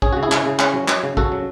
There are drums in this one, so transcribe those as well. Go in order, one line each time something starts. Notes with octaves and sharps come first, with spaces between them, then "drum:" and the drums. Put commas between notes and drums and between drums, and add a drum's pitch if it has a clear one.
C#4 G#4, drum: kick
C#3 F#4
E4 G#4
C#3, drum: clap
C#3
C#4, drum: clap
F#3
F#3, drum: clap
C#3
C#3 F#4 A4, drum: kick
F#3